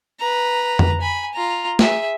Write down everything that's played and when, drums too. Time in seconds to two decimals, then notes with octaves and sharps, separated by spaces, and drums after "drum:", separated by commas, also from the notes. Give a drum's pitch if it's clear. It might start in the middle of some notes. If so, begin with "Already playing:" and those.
0.20 B4 A#5
0.79 drum: tom F2
1.01 G#5 B5
1.34 F4 A#5
1.79 G#4 E5, drum: snare